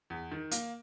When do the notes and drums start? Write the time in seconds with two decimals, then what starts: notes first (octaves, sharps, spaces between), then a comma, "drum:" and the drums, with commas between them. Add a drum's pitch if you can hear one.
0.10 E2
0.31 D#3
0.51 A#3, drum: hi-hat